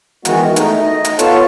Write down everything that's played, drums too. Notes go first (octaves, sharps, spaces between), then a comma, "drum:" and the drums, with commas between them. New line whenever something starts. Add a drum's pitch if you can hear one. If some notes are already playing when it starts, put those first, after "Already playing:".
D#3 E3 G#3 B3 F#4, drum: hi-hat
A3 D#4, drum: hi-hat
D#5
drum: hi-hat
B3 F4 A4 C#5 A5, drum: hi-hat